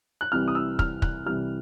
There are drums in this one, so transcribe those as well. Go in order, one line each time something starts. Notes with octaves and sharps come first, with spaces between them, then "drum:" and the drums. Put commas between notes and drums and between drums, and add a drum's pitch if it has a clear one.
F#6
C2 C3 E3 G3 F6
D#6
E6
F6, drum: kick
F#6, drum: kick
C2 C3 E3 G3 F6